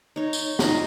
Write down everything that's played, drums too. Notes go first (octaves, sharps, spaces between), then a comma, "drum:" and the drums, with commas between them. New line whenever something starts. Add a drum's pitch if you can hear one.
D#4 C#5
drum: tambourine
D#4 F4 D#5 B5, drum: snare